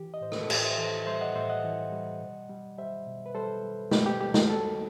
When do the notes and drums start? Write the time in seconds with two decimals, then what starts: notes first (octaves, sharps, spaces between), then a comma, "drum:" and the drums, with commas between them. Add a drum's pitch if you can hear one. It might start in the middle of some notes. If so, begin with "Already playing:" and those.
Already playing: E3 G4
0.14 D#5
0.21 A2 C5
0.32 B4, drum: rim click
0.41 A4
0.50 A2 G4, drum: cymbal
0.64 C5 E5
0.78 E3 A4 C5
1.06 G3 C5 E5
1.21 D#5 F#5
1.35 A2 C5 E5
1.49 D#5 F#5
1.64 E3
1.92 G3
2.21 B2
2.50 G3
2.78 G3 C5 E5
3.07 B2
3.26 B4
3.35 G3 A4 C5
3.63 G3
3.91 B2 G4 B4, drum: snare
4.06 G4
4.20 G3 G4
4.34 G4, drum: snare
4.49 G3 F#4 A4